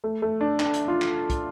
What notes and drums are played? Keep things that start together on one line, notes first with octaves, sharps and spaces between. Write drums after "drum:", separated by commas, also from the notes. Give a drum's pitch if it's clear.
A3
A3
D4
D4, drum: clap
drum: hi-hat
F4
drum: clap
drum: kick, hi-hat